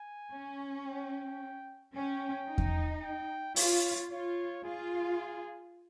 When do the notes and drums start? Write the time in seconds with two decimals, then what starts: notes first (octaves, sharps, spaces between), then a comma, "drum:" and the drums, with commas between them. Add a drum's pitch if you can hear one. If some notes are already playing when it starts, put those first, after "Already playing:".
Already playing: G#5
0.32 C#4
0.86 G5
1.94 C#4 G5
2.48 D#4
2.58 drum: kick E2
3.03 G5
3.56 F4 C#5, drum: open hi-hat
4.10 F4 C#5
4.64 F4 G#4